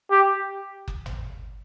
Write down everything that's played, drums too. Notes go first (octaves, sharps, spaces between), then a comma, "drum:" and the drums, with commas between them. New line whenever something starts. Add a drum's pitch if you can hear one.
G4
drum: kick F#1
drum: tom